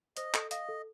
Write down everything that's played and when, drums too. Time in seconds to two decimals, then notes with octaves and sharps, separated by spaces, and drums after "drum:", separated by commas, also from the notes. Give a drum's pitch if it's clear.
0.17 C5 D#5, drum: hi-hat
0.34 A4, drum: clap
0.51 D#5 F5, drum: hi-hat
0.69 A4